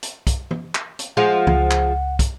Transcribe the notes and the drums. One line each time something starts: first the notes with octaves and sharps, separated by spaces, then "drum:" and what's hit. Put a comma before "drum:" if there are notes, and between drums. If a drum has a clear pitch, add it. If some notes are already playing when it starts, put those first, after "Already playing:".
drum: hi-hat
drum: kick, hi-hat
drum: tom
drum: clap
drum: hi-hat
F3 G#3 F4 F#5
C#2, drum: tom
drum: clap
drum: kick, hi-hat